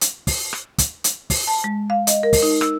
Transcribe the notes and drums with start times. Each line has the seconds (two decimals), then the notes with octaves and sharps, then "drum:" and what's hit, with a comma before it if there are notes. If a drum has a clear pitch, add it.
0.01 drum: hi-hat
0.27 drum: kick, open hi-hat
0.53 drum: rim click
0.78 drum: kick, hi-hat
1.04 drum: hi-hat
1.30 drum: kick, open hi-hat
1.47 A5
1.64 G#3
1.90 F5
2.07 D#5, drum: hi-hat
2.23 A#4
2.33 drum: kick, open hi-hat
2.42 D#4
2.61 E6, drum: rim click